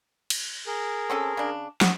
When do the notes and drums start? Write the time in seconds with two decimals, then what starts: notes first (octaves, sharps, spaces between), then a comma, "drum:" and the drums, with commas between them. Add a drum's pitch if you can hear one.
0.30 drum: cymbal
0.67 G#4 A#4
1.10 C4 C#4 A4
1.37 C#3 D4
1.81 F#4 D#6, drum: snare